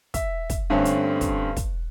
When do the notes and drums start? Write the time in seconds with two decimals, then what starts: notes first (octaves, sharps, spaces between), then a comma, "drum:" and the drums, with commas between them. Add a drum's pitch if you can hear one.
0.14 E5, drum: kick, hi-hat
0.50 drum: kick, hi-hat
0.70 G2 D3 A3 C4 C#4
0.85 drum: hi-hat
1.21 drum: kick, hi-hat
1.57 drum: kick, hi-hat